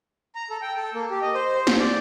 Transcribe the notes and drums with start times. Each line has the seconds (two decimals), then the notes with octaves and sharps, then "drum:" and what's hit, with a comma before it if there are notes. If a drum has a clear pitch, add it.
0.35 A#5
0.50 A4
0.62 G5
0.76 A4
0.94 A#3
1.11 G4
1.22 D#5
1.35 C5
1.55 C5
1.67 G6, drum: snare
1.79 D5